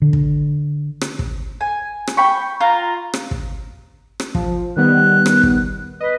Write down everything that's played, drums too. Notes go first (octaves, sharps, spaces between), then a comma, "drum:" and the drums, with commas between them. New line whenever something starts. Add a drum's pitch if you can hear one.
D3
drum: kick
drum: rim click
drum: kick
G#5
drum: rim click
G5 B5 C#6
F4 A#5
drum: rim click
drum: kick
drum: rim click
F3, drum: kick
D#3 G3 B3 F#6
drum: rim click
drum: kick
B4 D#5